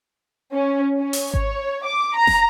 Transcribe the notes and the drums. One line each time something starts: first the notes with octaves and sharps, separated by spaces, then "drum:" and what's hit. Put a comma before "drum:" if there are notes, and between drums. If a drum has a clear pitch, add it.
C#4
C#4
drum: open hi-hat
C#5, drum: kick G#1
D6
A#5
drum: snare